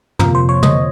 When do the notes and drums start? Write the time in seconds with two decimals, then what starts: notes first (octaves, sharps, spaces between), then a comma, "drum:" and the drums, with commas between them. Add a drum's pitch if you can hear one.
0.19 F2 C3 F3 A#3 A#4, drum: tom
0.35 C5
0.49 C#5
0.63 D#5, drum: tom